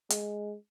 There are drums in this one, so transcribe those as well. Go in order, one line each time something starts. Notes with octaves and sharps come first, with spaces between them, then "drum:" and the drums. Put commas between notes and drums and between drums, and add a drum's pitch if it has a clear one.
G#3, drum: hi-hat